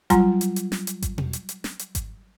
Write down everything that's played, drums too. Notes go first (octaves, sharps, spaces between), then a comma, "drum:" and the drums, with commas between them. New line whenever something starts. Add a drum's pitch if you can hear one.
F#3 G3 F4 G#5 A#5 C6, drum: kick G#1, hi-hat
drum: hi-hat
drum: hi-hat
drum: snare
drum: hi-hat
drum: kick G#1, hi-hat
drum: tom B2
drum: hi-hat
drum: hi-hat
drum: snare
drum: hi-hat
drum: kick G#1, hi-hat